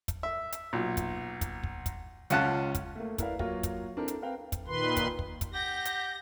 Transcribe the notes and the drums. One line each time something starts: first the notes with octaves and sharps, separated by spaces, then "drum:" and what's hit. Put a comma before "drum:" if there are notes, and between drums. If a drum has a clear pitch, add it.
drum: kick, hi-hat
E5
drum: hi-hat
B1 A#2
drum: kick, hi-hat
drum: kick, hi-hat
drum: kick
drum: kick, hi-hat
C#2 C#4 F4 F#5 A5 F#6, drum: hi-hat
drum: kick, hi-hat
A3 A#3
E4 A#4 B4 D5 F5, drum: kick, hi-hat
F#3 A#3 F4 C#5 F5, drum: kick
drum: kick, hi-hat
C4 D4 E4 A4 A#4 C5
drum: hi-hat
C4 A#4 B4 F5 G5
drum: kick, hi-hat
A#2 D#3 B4 C6
drum: kick, hi-hat
drum: kick
drum: kick, hi-hat
G4 F#5 G6 A#6
drum: hi-hat